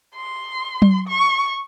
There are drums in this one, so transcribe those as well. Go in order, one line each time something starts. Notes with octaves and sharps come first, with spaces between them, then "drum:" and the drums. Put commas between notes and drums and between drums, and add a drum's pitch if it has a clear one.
C6
drum: tom F#3
C#6